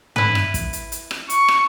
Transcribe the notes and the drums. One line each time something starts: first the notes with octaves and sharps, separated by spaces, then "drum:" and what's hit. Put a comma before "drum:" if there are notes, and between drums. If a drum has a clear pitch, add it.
E4 B4, drum: tom
drum: rim click
drum: kick, hi-hat
drum: hi-hat
drum: hi-hat
drum: rim click
C#6, drum: hi-hat
drum: rim click